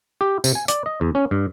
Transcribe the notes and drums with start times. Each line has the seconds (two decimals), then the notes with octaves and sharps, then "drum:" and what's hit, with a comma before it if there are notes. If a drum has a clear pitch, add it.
0.21 G4
0.44 C3, drum: tambourine
0.55 G#5
0.68 D5, drum: hi-hat
0.86 D#5
1.01 E2
1.15 C#4
1.31 G2